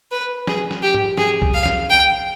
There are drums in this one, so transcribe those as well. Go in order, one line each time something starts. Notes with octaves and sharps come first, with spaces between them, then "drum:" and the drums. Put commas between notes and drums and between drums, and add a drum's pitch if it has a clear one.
B4
G#4, drum: snare
drum: snare
G4
drum: tom G#2
G#4, drum: snare
drum: kick C2
F5
drum: snare
G5